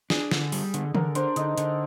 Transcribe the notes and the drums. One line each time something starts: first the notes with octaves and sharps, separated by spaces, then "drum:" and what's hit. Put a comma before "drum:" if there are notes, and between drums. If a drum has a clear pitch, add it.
D4 G#4, drum: snare
D3, drum: snare
G3, drum: open hi-hat
D3, drum: hi-hat
D3 A#4, drum: tom D#3
D4 C5, drum: hi-hat
D3 D#4, drum: hi-hat
D3, drum: hi-hat